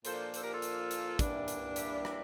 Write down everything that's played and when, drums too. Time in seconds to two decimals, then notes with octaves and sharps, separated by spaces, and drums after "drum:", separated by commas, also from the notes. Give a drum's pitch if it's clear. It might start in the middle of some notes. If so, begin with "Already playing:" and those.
0.05 A#2 F3 A#3 D4 A4 C5, drum: hi-hat
0.34 A4 C5, drum: hi-hat
0.43 G4 A#4
0.53 F4 A4
0.62 drum: hi-hat
0.91 drum: hi-hat
1.19 G2 E3 G3 A#3 D4, drum: kick, hi-hat
1.33 E4
1.48 drum: hi-hat
1.76 E4 G4, drum: hi-hat
2.05 drum: rim click